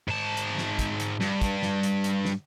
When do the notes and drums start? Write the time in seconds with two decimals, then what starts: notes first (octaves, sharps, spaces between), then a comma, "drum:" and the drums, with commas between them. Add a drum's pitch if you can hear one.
0.08 G#2 A5
0.37 drum: hi-hat
0.58 drum: snare
0.79 drum: kick, hi-hat
1.00 drum: hi-hat
1.21 G2, drum: snare
1.42 drum: kick, hi-hat
1.62 drum: snare
1.83 drum: hi-hat
2.04 drum: hi-hat
2.25 drum: snare